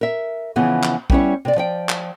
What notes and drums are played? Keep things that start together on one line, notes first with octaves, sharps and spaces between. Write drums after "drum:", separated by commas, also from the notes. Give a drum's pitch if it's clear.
A#4 E5
C#3 E3 F3 B3 G#4
drum: clap
G3 B3 C#4 E4 C#5, drum: kick
C3 D5
F3 D5 G5
drum: clap